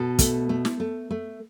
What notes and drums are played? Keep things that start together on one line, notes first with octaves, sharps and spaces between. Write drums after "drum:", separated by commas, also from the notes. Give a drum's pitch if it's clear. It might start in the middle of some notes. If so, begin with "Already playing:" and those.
Already playing: B2 A4
A3, drum: kick, hi-hat
A3
drum: snare
A3
A3